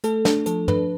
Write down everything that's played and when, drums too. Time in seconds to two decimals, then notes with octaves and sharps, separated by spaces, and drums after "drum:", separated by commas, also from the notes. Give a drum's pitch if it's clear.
0.04 A3 A4, drum: hi-hat
0.25 D4 A4, drum: snare
0.46 F3 A4, drum: hi-hat
0.68 D4 B4, drum: tom